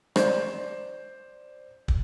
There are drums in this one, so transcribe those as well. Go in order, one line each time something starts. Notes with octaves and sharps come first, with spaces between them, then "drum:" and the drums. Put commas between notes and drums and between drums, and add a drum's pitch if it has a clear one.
C5 D5, drum: rim click
drum: kick